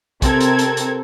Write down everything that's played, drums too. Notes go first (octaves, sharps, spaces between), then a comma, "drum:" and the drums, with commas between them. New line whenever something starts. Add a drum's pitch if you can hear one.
C3 C4 A4 A#4 G#6, drum: kick, hi-hat
drum: hi-hat
drum: hi-hat
drum: hi-hat